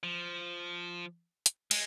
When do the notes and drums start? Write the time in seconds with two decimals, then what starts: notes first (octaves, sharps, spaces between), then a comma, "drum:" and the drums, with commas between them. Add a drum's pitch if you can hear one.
0.03 F3
1.46 drum: hi-hat
1.71 G#3, drum: cymbal